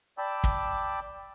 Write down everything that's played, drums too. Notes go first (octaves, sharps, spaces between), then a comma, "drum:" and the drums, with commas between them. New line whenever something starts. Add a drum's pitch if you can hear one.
D5 G5 A5 B5 D6 E6
drum: kick